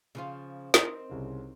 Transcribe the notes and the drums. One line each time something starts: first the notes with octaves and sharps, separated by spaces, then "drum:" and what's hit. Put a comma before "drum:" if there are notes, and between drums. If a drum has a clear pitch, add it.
C#3 F3 F4
C4 D#4 A#4, drum: snare
C2 C#3